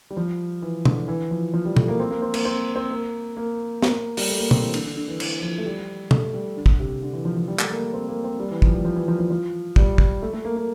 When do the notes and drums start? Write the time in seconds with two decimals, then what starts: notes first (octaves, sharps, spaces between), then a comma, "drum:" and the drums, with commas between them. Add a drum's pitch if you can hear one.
0.10 G3
0.17 F3
0.62 E3
0.85 D3, drum: tom
1.08 E3
1.31 F3
1.54 F3
1.65 G3
1.76 A3, drum: tom
1.88 A#3
2.00 C4
2.11 A#3
2.22 C4
2.34 A#3, drum: cymbal
2.45 C4
2.76 C4
2.91 A#3
3.37 A#3
3.82 A#3, drum: snare
4.17 G3, drum: open hi-hat
4.28 A3
4.39 A#3
4.51 C4, drum: tom
4.62 E3
4.74 D3, drum: cymbal
4.85 D3
4.97 D3
5.08 E3
5.20 E3, drum: cymbal
5.42 F3
5.58 A3
5.65 G3
6.11 A3, drum: tom
6.34 G3
6.57 D3
6.66 drum: kick
6.80 C3
7.02 D3
7.13 E3
7.25 F3
7.37 F3
7.48 G3
7.59 A3, drum: clap
7.71 A#3
7.93 C4
8.09 A#3
8.24 C4
8.40 G3
8.51 E3
8.62 F3, drum: kick
8.74 G3
8.85 F3
8.96 E3
9.08 F3
9.19 F3
9.31 F3
9.76 G3, drum: kick
9.98 drum: kick
10.22 A3
10.33 A3
10.45 A#3
10.57 A#3